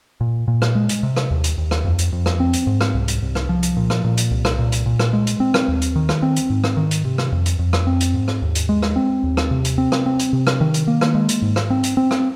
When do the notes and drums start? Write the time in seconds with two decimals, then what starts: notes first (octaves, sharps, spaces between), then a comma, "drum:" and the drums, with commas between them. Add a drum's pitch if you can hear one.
0.21 A#2
0.48 A#2
0.62 drum: rim click
0.75 G#3
0.89 drum: hi-hat
1.03 C3
1.16 drum: rim click
1.31 D#2
1.44 drum: hi-hat
1.58 D#2
1.71 drum: rim click
1.84 F2
1.99 drum: hi-hat
2.12 F2
2.26 drum: rim click
2.40 C4
2.53 drum: hi-hat
2.67 G#2
2.81 drum: rim click
2.94 C2
3.08 drum: hi-hat
3.22 C2
3.35 drum: rim click
3.49 F3
3.63 drum: hi-hat
3.77 A#2
3.90 drum: rim click
4.04 A#2
4.17 drum: hi-hat
4.31 C2
4.45 drum: rim click
4.59 A#2
4.72 drum: hi-hat
4.86 A#2
5.00 drum: rim click
5.13 G#3
5.27 drum: hi-hat
5.40 C4
5.54 drum: rim click
5.68 D#2
5.82 drum: hi-hat
5.96 D#3
6.09 drum: rim click
6.22 C4
6.36 drum: hi-hat
6.50 G#2
6.64 drum: rim click
6.77 D#3
6.91 drum: hi-hat
7.05 C3
7.18 drum: rim click
7.32 F2
7.46 drum: hi-hat
7.59 F2
7.73 drum: rim click
7.87 C4
8.00 drum: hi-hat
8.14 G#2
8.28 drum: rim click
8.42 D#2
8.55 drum: hi-hat
8.69 G#3
8.83 drum: rim click
8.96 C4
9.24 D#2
9.37 drum: rim click
9.51 C3
9.65 drum: hi-hat
9.78 C4
9.92 drum: rim click
10.06 C4
10.19 drum: hi-hat
10.33 C3
10.47 drum: rim click
10.61 D#3
10.74 drum: hi-hat
10.88 A#3
11.01 drum: rim click
11.15 G#3
11.29 drum: hi-hat
11.42 G#2
11.56 drum: rim click
11.70 C4
11.83 drum: hi-hat
11.97 C4
12.11 drum: rim click